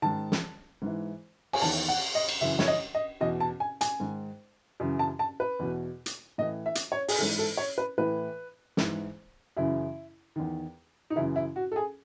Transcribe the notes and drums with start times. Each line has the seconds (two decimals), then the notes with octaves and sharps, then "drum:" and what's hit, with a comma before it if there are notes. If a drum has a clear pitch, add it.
0.02 G#2 D#3 A5
0.32 drum: snare
0.82 G#2 E3
1.53 G#5, drum: cymbal
1.61 E2 D#3 A5
1.88 F#5
2.15 D#5
2.29 drum: cymbal
2.41 F#2 C#3 E3 E5
2.59 C#5, drum: snare
2.68 D#5
2.95 D#5
3.21 E2 B2 D#5
3.40 A5
3.60 G#5
3.81 G#5, drum: hi-hat
4.00 G#2 D#3
4.80 F#2 C#3 E3
4.99 A5
5.19 A5
5.40 B4
5.59 E2 B2
6.06 drum: hi-hat
6.38 A2 E3 D#5
6.66 E5
6.75 drum: hi-hat
6.92 C#5
7.08 G#4, drum: open hi-hat
7.19 G#2 E3 A4
7.39 A4
7.57 C#5
7.78 B4
7.98 A2 E3 B4
8.77 G#2 E3, drum: snare
9.57 F#2 C#3 E3 E4
10.36 E2 D#3
11.10 D#4
11.16 F#2 C#3 E3 E4
11.36 E4
11.56 F#4
11.72 A4
11.76 G#4